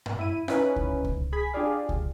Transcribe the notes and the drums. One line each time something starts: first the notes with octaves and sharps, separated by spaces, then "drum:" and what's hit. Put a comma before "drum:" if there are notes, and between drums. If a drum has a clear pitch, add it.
drum: tom G2
E4 D#7
C#4 D#4 E4 B4, drum: rim click
drum: kick C#2
drum: kick C#2
G#4 B5 G#6 B6
D4 F4 G4 G#4 D5 F5
drum: kick C#2